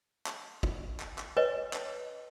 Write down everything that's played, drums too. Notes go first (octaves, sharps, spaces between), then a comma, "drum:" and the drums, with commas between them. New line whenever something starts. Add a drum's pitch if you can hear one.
drum: clap
drum: kick
drum: clap
drum: clap
B4 C#5 D#5
drum: clap